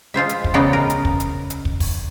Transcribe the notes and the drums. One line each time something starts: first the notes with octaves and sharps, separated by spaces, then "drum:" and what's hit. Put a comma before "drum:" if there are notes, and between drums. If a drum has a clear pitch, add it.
G#3 F4 C5 E5
drum: hi-hat
drum: kick
C#3 G#3 B3 D5 G5 A#5
A#4
drum: hi-hat
drum: kick
drum: hi-hat
drum: hi-hat
drum: kick
drum: kick, open hi-hat